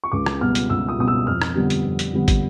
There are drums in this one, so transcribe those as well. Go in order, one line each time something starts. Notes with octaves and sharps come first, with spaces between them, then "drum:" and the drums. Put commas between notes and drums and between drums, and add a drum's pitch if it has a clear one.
C#6
C#2 D6
drum: rim click
B2 G3 B3 F6
drum: hi-hat
C#2 E6
D#6
B2 G3 B3 D#6
E6
F2 F6
drum: rim click
D3 G3 B3
drum: hi-hat
F2
drum: hi-hat
D3 G3 B3
drum: kick, hi-hat